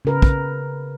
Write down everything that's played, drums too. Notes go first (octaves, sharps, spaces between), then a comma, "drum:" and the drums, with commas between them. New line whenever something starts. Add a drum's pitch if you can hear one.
C#3 A#4 B4
drum: kick